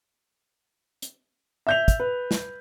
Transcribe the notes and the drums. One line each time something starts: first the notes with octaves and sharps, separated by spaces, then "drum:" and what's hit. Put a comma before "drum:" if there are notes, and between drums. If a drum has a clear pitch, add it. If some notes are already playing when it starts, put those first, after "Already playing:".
drum: hi-hat
E5 G6 F7
drum: kick, hi-hat
B4
drum: snare